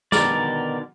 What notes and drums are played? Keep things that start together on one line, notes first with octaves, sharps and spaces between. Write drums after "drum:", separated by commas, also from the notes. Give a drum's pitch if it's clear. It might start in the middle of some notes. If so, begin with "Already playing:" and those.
B2 D3 D#3 A#4 D5, drum: snare